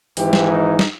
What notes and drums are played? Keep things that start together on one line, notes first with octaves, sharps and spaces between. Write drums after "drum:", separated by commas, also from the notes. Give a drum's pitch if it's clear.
G#1 G#2 E3 G4, drum: open hi-hat
drum: snare
D#4
drum: snare